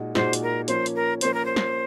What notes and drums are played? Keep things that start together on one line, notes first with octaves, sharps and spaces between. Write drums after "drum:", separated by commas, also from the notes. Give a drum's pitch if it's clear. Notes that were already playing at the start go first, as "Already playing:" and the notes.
Already playing: A#2 G#3 D#4 F#4
A#2 G#3 D#4 F#4 C5, drum: snare
drum: hi-hat
A#4
F3 A#3 C#4 C5, drum: hi-hat
drum: hi-hat
A#4
F3 A#3 C#4 C5, drum: hi-hat
A#4
C5
drum: snare